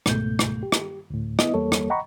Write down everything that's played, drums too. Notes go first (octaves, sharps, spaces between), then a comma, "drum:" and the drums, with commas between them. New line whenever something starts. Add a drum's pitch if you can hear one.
C#2 G#2 B2 A3 G6, drum: rim click
drum: rim click
G4
drum: rim click
D2 A2
B3 E4 D#5, drum: rim click
E2 G3 A#3 A4 C#5
drum: rim click
D#5 F#5 G5 A#5 B5 C#6